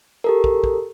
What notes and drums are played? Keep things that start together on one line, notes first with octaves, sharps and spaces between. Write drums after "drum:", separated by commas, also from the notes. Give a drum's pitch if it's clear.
G4 A4 A#4
drum: kick
drum: kick